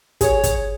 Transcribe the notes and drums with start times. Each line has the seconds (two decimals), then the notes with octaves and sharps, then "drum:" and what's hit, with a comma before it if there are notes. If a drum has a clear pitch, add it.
0.21 G#4 C#5, drum: kick, hi-hat
0.44 drum: kick, hi-hat